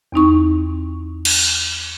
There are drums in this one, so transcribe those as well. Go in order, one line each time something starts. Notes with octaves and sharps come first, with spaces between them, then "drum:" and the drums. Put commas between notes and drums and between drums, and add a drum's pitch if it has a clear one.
E2 C4 D#4 C#6
drum: cymbal